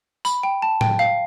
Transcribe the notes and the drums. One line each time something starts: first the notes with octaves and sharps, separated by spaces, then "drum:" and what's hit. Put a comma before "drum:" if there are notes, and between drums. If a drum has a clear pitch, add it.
B5, drum: tambourine
G5
A5
G5, drum: tom A2
F5